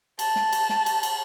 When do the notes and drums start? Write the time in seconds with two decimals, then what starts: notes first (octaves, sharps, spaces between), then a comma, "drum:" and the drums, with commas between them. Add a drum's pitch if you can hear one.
0.19 A5, drum: cymbal
0.36 drum: snare
0.53 drum: cymbal
0.69 drum: snare
0.86 drum: cymbal
1.03 drum: cymbal